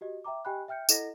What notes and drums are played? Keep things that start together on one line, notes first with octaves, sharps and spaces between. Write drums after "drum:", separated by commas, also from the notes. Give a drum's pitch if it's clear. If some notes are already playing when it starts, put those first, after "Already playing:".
F#4 G4 D#5
E5 G5 A#5 D6
G4 D#5 G5 G#5 B5 F#6
E5 G5 F6 G6 C#7
E4 A4 D#5 F#5 A#6, drum: tambourine